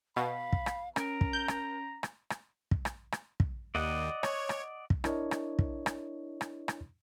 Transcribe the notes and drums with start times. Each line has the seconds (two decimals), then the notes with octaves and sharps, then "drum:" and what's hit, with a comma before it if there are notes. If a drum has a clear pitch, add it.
0.16 B2 F5 B5
0.53 drum: kick
0.66 drum: rim click
0.96 C#4 A#4 A#5 D7, drum: rim click
1.21 drum: kick
1.33 G6
1.48 drum: rim click
2.03 drum: rim click
2.30 drum: rim click
2.71 drum: kick
2.85 drum: rim click
3.12 drum: rim click
3.40 drum: kick
3.75 D#2 D5 D#5 F#5
4.23 C#5, drum: rim click
4.49 drum: rim click
4.90 drum: kick
5.04 D4 E4 A#4 C#5 D#5, drum: rim click
5.31 drum: rim click
5.59 drum: kick
5.86 drum: rim click
6.41 drum: rim click
6.68 drum: rim click